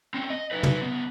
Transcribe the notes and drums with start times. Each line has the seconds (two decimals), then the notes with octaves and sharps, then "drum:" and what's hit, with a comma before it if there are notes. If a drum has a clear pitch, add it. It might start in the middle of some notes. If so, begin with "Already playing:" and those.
0.14 C4 C#4
0.30 D#5
0.51 D#4 B4
0.63 drum: tom
0.81 C#2 B3